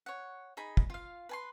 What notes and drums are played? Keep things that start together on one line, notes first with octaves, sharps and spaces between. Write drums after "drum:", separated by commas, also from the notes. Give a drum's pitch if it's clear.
C#5 F#5
D#4 G#4 B5
drum: kick
F4 F5
B4 G#5 C6